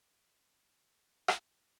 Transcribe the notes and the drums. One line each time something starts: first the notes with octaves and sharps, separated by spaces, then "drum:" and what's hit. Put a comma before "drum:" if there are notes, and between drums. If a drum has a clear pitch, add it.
D#3
F3
F3
F#3
G#3
drum: rim click